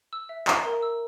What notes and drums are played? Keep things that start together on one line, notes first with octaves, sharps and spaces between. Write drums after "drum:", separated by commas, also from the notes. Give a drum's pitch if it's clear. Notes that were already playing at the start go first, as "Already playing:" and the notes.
E6
E5
A#5, drum: clap
A#4
E6